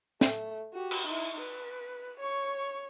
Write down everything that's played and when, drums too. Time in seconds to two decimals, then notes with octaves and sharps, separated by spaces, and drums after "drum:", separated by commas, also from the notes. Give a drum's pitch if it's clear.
0.21 A3, drum: snare
0.74 F#4 G4
0.91 drum: cymbal
1.07 D#4 E4
1.40 B4
2.19 C#5 C#6